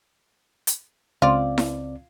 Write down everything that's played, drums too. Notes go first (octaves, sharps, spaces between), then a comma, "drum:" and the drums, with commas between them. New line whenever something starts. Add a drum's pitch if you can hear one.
drum: hi-hat
C#2 C4 F4 D5
drum: snare E4